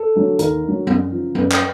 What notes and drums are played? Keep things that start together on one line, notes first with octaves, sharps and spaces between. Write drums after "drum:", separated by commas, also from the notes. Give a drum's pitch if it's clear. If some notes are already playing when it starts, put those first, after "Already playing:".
Already playing: A4
D3 F#3
D#2 A#4, drum: hi-hat
D3 F#3
F#2, drum: tom F#3
C#3 F3
F#2 B4, drum: tom F#3
drum: clap